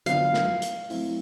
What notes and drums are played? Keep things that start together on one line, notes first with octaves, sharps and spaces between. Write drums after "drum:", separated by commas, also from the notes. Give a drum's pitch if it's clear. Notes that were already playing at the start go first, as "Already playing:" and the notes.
D3 F#3 B3 D4 F4 F5, drum: hi-hat
drum: snare
drum: hi-hat
F#3 A3 C4 E4, drum: open hi-hat